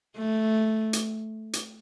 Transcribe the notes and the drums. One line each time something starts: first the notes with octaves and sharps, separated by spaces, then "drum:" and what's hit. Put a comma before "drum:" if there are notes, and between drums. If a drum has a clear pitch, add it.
A3
drum: hi-hat
drum: hi-hat